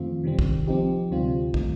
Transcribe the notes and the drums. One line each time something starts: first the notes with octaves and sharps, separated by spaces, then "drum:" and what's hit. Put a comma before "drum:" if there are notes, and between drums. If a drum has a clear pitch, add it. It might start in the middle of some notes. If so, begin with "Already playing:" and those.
Already playing: F2 D#3 A3 C4 F4
C3 D#3 G3 C4
drum: kick
F3 C4 D#4 G4
D2 C3 G3 C4 F4
D#3 A3 D#4, drum: kick